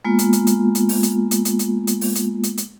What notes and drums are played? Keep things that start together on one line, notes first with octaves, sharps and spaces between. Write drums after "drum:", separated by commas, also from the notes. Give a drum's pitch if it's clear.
G#3 A#3 B3 F4
drum: hi-hat
drum: hi-hat
drum: hi-hat
drum: hi-hat
drum: open hi-hat
drum: hi-hat
drum: hi-hat
drum: hi-hat
drum: hi-hat
drum: hi-hat
drum: open hi-hat
drum: hi-hat
drum: hi-hat
drum: hi-hat